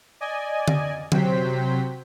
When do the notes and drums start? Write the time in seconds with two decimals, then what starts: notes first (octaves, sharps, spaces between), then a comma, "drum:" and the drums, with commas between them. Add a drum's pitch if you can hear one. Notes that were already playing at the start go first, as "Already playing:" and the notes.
0.20 D5 D#5 G#5
0.68 drum: tom D3
1.12 C3 F#3 C5 G5 B6, drum: tom D3